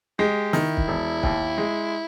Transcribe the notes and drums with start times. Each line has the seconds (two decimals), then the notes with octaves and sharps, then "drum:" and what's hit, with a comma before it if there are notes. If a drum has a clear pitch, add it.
0.19 G#3 G4
0.53 D#3 E4, drum: snare
0.77 drum: kick
0.88 E1
1.23 D#2, drum: kick
1.58 G#3